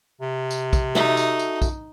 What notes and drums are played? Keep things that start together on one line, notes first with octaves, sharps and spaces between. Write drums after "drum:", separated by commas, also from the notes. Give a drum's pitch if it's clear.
C3
drum: tambourine
drum: kick, tambourine
D#4 F#4 A4 E5, drum: snare
drum: tambourine
drum: tambourine
drum: kick, tambourine